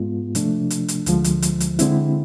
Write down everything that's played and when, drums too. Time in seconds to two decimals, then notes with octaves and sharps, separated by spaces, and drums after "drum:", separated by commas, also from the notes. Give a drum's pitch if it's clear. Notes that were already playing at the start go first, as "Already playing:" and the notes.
Already playing: G#2 G#3 B3 F4
0.35 C3 F3 A3 D4, drum: hi-hat
0.70 drum: hi-hat
0.88 drum: hi-hat
1.06 D2 D3 F3 G#3, drum: hi-hat
1.24 drum: hi-hat
1.42 drum: hi-hat
1.60 drum: hi-hat
1.79 D3 G#3 C4 E4, drum: hi-hat